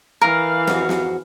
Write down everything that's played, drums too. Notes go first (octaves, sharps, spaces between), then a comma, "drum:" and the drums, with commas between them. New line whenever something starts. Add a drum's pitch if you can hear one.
E3 A#4 F5
F2 G#2 F#4, drum: snare
drum: snare